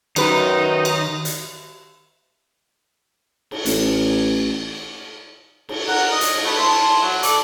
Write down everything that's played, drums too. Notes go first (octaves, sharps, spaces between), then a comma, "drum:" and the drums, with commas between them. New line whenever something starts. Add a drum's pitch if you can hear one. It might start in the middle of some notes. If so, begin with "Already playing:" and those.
F#2 D#3 D#4 B4, drum: cymbal
drum: cymbal
drum: hi-hat
drum: cymbal
A1, drum: hi-hat
drum: cymbal
A#4 F#5, drum: cymbal
D#5
drum: hi-hat
drum: cymbal
A3 B4
E4 A5 C6
F#3
A4 D5, drum: hi-hat